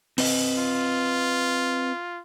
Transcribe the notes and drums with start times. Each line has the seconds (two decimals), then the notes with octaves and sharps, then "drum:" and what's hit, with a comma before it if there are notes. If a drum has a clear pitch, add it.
0.18 C4 B4 D#5, drum: open hi-hat
0.58 F4